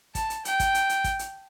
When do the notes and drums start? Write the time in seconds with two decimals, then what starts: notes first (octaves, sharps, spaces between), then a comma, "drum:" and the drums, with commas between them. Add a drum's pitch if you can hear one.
0.15 A5, drum: kick, hi-hat
0.30 drum: hi-hat
0.45 G5, drum: hi-hat
0.60 drum: kick, hi-hat
0.75 drum: hi-hat
0.89 drum: hi-hat
1.04 drum: kick, hi-hat
1.19 drum: hi-hat